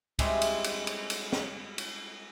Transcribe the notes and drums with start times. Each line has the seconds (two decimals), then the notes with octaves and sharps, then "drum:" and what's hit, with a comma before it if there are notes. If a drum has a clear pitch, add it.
0.19 G3 G#3 C4 G#4 C#5 E5, drum: kick, cymbal
0.41 drum: cymbal
0.64 drum: cymbal
0.87 drum: cymbal
1.10 drum: cymbal
1.32 drum: snare
1.78 drum: cymbal